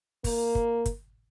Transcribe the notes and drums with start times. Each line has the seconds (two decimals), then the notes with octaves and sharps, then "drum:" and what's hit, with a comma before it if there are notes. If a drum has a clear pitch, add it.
0.24 A#3, drum: kick, open hi-hat
0.55 drum: kick
0.86 drum: kick, hi-hat